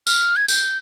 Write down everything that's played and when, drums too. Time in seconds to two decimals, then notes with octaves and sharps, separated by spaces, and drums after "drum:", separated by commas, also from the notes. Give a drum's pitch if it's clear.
0.07 F6, drum: tambourine
0.36 G#6
0.48 G6, drum: tambourine